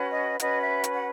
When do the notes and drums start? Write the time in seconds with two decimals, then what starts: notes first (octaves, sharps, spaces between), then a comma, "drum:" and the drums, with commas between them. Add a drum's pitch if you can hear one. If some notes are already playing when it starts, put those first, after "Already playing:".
Already playing: C#4 F#4 B4
0.10 D#5
0.40 C#4 F#4 B4 D#5, drum: hi-hat
0.61 E5
0.84 drum: hi-hat
0.94 F#5